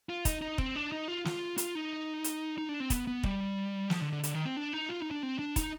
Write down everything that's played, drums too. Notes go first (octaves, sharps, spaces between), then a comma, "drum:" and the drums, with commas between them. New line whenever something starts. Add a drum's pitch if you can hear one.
F4
D#4, drum: kick, hi-hat
D#4
C4, drum: kick
D4
D#4
F4
F4, drum: snare
F4, drum: hi-hat
D#4
drum: hi-hat
D#4
D4
C4
B3, drum: kick, hi-hat
B3
G3, drum: kick
F3, drum: snare
D3
D3
D3, drum: hi-hat
D#3
C4
D4
D#4
F4
D#4
D4
C4
D4
D#4, drum: kick, hi-hat